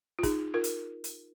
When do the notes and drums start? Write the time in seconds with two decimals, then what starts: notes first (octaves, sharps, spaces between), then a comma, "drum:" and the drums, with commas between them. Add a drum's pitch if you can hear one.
0.19 F4
0.23 D#4 G#4, drum: kick, hi-hat
0.54 F4 A#4
0.64 drum: hi-hat
1.04 drum: hi-hat